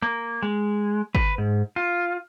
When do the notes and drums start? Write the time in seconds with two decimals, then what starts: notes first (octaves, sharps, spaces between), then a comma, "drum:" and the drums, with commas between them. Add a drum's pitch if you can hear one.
0.02 A#3
0.43 G#3
1.15 B4, drum: kick G#1
1.38 G#2
1.76 F4